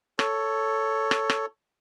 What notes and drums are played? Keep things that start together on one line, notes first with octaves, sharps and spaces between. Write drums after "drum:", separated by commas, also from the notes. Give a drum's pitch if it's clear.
A4 C#5, drum: rim click
drum: rim click
drum: rim click